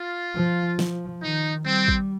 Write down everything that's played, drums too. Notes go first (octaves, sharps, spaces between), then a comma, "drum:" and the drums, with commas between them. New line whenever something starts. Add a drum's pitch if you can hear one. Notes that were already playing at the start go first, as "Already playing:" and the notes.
Already playing: F4
F3
F3, drum: snare
D#3 D#4
G3 C4
drum: kick